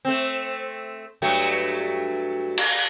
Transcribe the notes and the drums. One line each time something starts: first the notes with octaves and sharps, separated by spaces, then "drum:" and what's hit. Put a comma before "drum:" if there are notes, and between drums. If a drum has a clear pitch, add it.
A3 C4
G2 F#3 A3
drum: cymbal